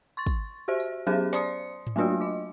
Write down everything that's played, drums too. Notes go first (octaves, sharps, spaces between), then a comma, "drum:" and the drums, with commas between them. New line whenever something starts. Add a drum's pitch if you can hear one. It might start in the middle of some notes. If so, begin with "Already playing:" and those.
C6 C#6 A6
drum: kick, tambourine
F#4 G4 C5 E5
drum: tambourine
F#3 B3 C#4 G4 G#4 C5
C5 D5 C6 D#6 C#7, drum: snare
drum: tom G#2
F#3 A3 A#3 D4 F4 F#4
D#5 D6